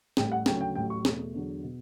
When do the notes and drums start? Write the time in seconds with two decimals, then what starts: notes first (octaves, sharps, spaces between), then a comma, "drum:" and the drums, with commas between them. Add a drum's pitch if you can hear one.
0.17 A1 A2 G3 G5, drum: snare
0.32 F#5
0.46 D2 C#3 F#3 A3 G5, drum: snare
0.61 G5
0.75 A1 A2 F#3 G5
0.90 C#6
1.05 E2 B2 A3, drum: snare
1.34 E2 D3 F#3
1.64 B2